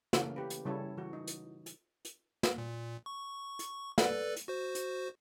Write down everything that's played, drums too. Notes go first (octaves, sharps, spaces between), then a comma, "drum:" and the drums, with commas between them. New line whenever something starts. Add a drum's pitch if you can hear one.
C#3 E3 A3 A#3 C#4, drum: snare
G4 B4
drum: hi-hat
C#3 G3 E4 A4 C#5
E3 F#4
D#4
drum: hi-hat
drum: hi-hat
drum: hi-hat
drum: snare
A#2
C#6
drum: hi-hat
A4 B4 D5, drum: snare
drum: hi-hat
F#4 C5
drum: hi-hat